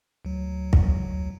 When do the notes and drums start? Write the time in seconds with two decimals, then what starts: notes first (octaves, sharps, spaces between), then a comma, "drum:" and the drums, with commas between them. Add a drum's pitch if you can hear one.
0.25 D2 F#3
0.73 drum: kick